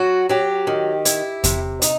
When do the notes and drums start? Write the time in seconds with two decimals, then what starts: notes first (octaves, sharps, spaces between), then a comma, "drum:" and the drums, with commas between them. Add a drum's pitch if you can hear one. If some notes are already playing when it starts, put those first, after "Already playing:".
Already playing: F#3 F#4
0.29 F#3 G4
0.67 D#3
1.05 E4, drum: hi-hat
1.44 C3, drum: kick E2, hi-hat
1.82 D#4, drum: hi-hat